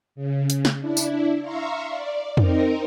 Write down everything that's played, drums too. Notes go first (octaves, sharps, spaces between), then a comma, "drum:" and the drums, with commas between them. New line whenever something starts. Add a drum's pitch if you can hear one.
C#3
drum: hi-hat
drum: snare
D4 E4
drum: tambourine
E5 F5 A#5 C6 C#6
D5
C4 D#4 A#4, drum: tom F2